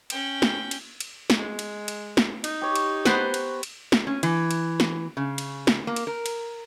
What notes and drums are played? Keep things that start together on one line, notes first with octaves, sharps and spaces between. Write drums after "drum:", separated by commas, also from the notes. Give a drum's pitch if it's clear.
C#4 G5, drum: cymbal
drum: snare
drum: cymbal
drum: cymbal
drum: snare
G#3
drum: cymbal
drum: cymbal
drum: snare
D#4, drum: cymbal
G4 C#5
drum: cymbal
B3 B4 C5 A#5, drum: snare
drum: cymbal
drum: cymbal
drum: snare
C#4
E3, drum: cymbal
drum: cymbal
drum: snare
C#3
drum: cymbal
drum: snare
A#3
drum: cymbal
A#4
drum: cymbal